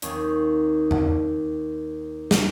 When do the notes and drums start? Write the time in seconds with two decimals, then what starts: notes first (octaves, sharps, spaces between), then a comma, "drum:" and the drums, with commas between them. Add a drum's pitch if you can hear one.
0.02 D#2 C4 C#4 D#4, drum: hi-hat
0.91 drum: tom E2
2.31 drum: snare